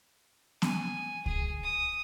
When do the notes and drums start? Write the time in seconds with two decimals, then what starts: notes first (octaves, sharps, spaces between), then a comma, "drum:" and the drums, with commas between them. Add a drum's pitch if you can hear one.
0.62 G#5, drum: snare B3
1.26 G#4, drum: kick C#2
1.63 D#6